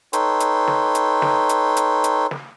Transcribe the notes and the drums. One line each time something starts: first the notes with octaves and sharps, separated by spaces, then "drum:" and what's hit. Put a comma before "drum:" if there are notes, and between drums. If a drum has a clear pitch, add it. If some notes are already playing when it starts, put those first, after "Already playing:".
D#4 A4 B4 C#5 G5 C6, drum: hi-hat
drum: hi-hat
drum: snare
drum: hi-hat
drum: snare
drum: hi-hat
drum: hi-hat
drum: hi-hat
drum: snare